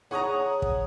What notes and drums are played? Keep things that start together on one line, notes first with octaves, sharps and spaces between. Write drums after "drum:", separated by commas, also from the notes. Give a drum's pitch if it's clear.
G#4 C#5 F#5 A#5 C#6 D#6
drum: kick